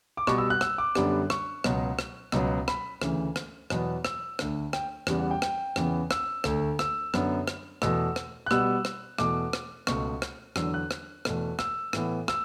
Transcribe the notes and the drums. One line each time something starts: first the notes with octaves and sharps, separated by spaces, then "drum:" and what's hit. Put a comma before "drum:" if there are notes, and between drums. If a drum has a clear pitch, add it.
D6
B2 G3 B3 C#6, drum: rim click
E6
F#6
E6, drum: rim click
D6
F#2 D3 G3 B3, drum: rim click
C#6, drum: rim click
C#2 B2 F#3, drum: rim click
drum: rim click
C#2 B2 F#3 B3, drum: rim click
B5, drum: rim click
D2 C#3 E3, drum: rim click
drum: rim click
E2 B2 F#3 B3, drum: rim click
E6, drum: rim click
D2 D3 A3, drum: rim click
G5, drum: rim click
E2 C#3 G3 B3, drum: rim click
F#5
G5
G5, drum: rim click
E2 C#3 E3 B3, drum: rim click
E6, drum: rim click
D2 D3 A3, drum: rim click
E6, drum: rim click
F#2 D3 F#3 B3, drum: rim click
drum: rim click
E2 B2 A3 E6, drum: rim click
drum: rim click
F#6
B2 G3 B3 E6, drum: rim click
drum: rim click
E2 B2 A3 D6, drum: rim click
drum: rim click
C#2 B2 A3 C#6, drum: rim click
drum: rim click
E2 D3 F#3 E6, drum: rim click
F#6
drum: rim click
E2 B2 A3, drum: rim click
E6, drum: rim click
A2 E3 B3, drum: rim click
E6, drum: rim click